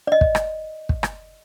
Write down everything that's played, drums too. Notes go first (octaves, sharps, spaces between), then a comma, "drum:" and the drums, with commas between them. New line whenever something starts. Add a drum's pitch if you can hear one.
D5 D#5
drum: kick
drum: rim click
drum: kick
drum: rim click